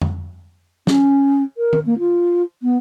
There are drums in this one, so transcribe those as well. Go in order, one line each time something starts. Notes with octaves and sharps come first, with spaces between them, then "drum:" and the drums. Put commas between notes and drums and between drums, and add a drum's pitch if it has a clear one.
drum: tom F2
C#4, drum: snare
A#4
drum: tom D#3
A#3
F4
B3